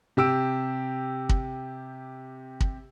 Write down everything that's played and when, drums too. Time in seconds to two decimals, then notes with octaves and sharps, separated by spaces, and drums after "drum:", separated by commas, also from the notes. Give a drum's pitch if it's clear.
0.17 C3 G4 E6 D7
1.29 drum: kick
2.60 drum: kick